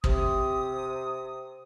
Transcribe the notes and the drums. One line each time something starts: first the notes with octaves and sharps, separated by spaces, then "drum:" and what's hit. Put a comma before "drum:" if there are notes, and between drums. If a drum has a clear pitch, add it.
C3 D#6, drum: kick